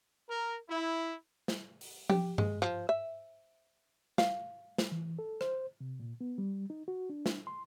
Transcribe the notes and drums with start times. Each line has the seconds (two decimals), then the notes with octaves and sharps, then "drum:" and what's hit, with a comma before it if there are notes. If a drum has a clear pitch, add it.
0.29 A#4
0.69 E4
1.48 drum: snare
1.81 drum: open hi-hat
2.10 G4, drum: tom F3
2.38 G#3, drum: tom G2
2.62 F3
2.89 E5
4.18 F5, drum: snare
4.78 drum: snare
4.92 E3
5.19 A4
5.41 C5, drum: rim click
5.81 C3
6.00 A#2
6.21 B3
6.38 G3
6.70 D#4
6.88 F#4
7.10 D4
7.26 drum: snare
7.47 C6